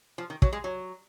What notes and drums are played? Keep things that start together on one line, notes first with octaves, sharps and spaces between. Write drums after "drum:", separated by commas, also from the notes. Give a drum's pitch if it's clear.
F3
D#3
F#3, drum: kick
G#3
F#3